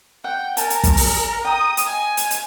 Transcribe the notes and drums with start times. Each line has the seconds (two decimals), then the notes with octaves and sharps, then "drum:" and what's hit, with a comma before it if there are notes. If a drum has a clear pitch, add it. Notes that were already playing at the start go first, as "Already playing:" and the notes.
0.24 F#5 G5
0.57 A#4 G#5 A5, drum: hi-hat
0.70 drum: hi-hat
0.84 drum: kick, hi-hat
0.97 drum: open hi-hat
1.45 G5 A#5 D#6
1.77 drum: hi-hat
1.86 D#5 G#5
2.17 drum: hi-hat
2.31 drum: hi-hat